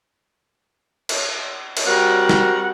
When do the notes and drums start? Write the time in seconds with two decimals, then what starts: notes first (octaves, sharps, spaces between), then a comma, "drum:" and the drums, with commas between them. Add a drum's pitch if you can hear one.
1.09 drum: cymbal
1.77 drum: cymbal
1.87 G3 C4 F#4 A#4 F#5
2.29 drum: snare